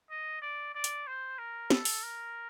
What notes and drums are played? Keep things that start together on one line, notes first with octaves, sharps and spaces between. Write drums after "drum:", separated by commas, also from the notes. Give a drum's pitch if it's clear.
D#5
D5
D5
drum: hi-hat
C5
A#4
A4, drum: snare
drum: open hi-hat
A#4